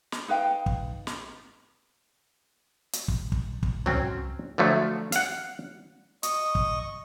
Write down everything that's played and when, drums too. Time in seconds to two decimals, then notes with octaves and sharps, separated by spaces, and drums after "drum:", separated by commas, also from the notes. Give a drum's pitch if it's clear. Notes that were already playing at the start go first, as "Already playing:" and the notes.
0.12 drum: snare
0.28 D#4 B4 F5 G5
0.66 drum: kick
1.07 drum: snare
2.93 drum: hi-hat
3.08 drum: kick
3.32 drum: kick
3.63 drum: kick
3.86 F#3 C4 C#4, drum: tom C2
4.58 D3 F3 F#3 A3
5.12 F5 F#5, drum: hi-hat
6.23 D#5 C#6 D#6, drum: hi-hat
6.55 drum: kick